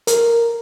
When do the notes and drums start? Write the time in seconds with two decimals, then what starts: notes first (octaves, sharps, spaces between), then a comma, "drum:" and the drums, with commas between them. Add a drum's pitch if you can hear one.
0.07 A#4, drum: hi-hat